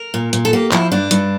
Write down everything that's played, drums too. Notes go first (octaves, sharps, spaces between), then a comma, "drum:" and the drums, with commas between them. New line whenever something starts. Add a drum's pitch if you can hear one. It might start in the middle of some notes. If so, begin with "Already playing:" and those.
Already playing: A#4
A#2
A#2, drum: hi-hat
A4
A#3 G4
F3 E4, drum: clap
G2 D4
G2, drum: hi-hat